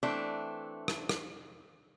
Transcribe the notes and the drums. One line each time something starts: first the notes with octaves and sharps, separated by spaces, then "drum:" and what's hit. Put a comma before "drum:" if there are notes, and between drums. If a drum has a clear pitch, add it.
E3 A3 C4 D4
drum: rim click
drum: rim click